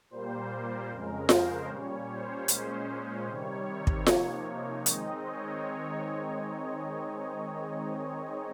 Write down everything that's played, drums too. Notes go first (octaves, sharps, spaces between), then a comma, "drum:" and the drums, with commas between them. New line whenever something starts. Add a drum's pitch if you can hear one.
A#2 G3 A#3 C5
C5
F2 C#3 G#3 A#4
C5, drum: snare F4
A#2 G3 C#4 C#5
C5
A#2 G#3 C#4, drum: hi-hat
C3 D#3 G3 C#5
drum: kick
C3 F3 A#3 D#4, drum: snare F4
D#3 G#3 C4 D#4 D#5, drum: hi-hat
C#5